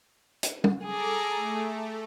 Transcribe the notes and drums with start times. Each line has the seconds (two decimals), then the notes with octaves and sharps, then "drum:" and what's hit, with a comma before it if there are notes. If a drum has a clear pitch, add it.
0.43 drum: hi-hat
0.64 drum: tom
0.84 G#4 A4 A#5 D6
1.35 A3